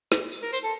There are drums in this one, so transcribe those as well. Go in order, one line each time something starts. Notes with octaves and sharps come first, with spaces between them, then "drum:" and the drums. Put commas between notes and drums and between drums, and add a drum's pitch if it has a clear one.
drum: snare
drum: tambourine
A#4
C5, drum: tambourine
A4